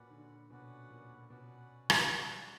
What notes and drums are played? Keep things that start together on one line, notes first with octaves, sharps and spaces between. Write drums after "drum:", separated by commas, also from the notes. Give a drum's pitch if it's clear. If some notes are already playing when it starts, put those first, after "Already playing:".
Already playing: A#2 C#4 F#4 B4 D5 F#5
D3
B2 C#4 F#4 B4 D5 F#5
A#2
B2 C#4 F#4 B4 D5 F#5
drum: rim click
G3 C#4 F#4 B4 D5 F#5